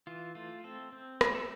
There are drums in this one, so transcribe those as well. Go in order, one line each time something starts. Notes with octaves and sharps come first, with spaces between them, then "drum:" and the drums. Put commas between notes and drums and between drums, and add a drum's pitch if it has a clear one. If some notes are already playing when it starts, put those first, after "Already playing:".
E3 F4
A3 F4
C4 A4
C4
A3, drum: rim click
A4